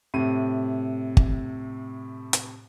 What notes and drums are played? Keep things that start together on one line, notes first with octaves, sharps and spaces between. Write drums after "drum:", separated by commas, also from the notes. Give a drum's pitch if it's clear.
A2 C3 D#7
drum: kick G1
drum: hi-hat